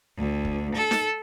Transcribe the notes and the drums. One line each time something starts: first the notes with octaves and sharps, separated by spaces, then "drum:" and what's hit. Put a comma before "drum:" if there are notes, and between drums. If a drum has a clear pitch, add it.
D2
drum: kick
A4
drum: snare D#4